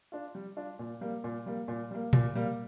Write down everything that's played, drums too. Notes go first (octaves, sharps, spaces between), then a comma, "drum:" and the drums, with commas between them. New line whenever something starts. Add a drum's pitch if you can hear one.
D4 F4
G3
D4 F4
A#2
G3 A#3
A#2
G3 A#3
A#2
G3 A#3
A#2, drum: tom A#2
G3 A#3